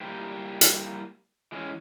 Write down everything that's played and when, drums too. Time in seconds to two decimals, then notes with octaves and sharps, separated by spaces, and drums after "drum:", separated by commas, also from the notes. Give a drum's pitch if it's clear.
0.01 G3 A#3 E4 G4 C5
0.61 drum: hi-hat
1.52 E3 G#3 C#4 E4